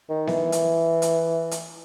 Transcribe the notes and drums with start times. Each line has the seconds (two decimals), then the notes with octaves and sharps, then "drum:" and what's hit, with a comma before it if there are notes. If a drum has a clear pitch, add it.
0.09 D#3
0.27 E3, drum: snare B3
0.52 drum: hi-hat
1.02 drum: hi-hat
1.51 drum: hi-hat